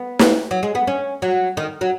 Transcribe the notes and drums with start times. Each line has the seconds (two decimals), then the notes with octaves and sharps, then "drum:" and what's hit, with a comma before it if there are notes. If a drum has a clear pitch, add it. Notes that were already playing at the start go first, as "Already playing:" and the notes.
Already playing: B3
0.19 drum: snare
0.51 F#3
0.63 G#3
0.75 B3
0.87 C#4
1.22 F#3
1.57 D#3
1.81 F#3